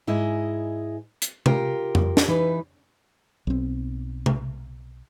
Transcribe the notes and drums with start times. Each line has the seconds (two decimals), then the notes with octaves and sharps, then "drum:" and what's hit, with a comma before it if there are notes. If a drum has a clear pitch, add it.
0.07 G#2 E4 G#4 D#5
1.22 drum: hi-hat
1.46 F4 G4 A#4, drum: tom C3
1.95 drum: tom F2
2.17 drum: snare
2.28 E3 D#4 B4
3.47 B1 C4
4.26 drum: tom C3